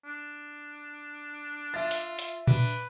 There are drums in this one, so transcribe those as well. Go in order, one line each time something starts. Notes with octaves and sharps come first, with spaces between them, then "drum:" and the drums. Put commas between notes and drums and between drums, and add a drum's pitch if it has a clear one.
D4
F4 E5 A6
drum: hi-hat
drum: hi-hat
D4 B4, drum: tom A#2